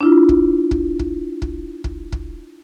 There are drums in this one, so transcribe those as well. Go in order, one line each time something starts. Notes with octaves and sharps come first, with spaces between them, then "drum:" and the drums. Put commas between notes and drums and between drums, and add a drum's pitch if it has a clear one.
D4 E4 F4
drum: kick
drum: kick
drum: kick
drum: kick
drum: kick
drum: kick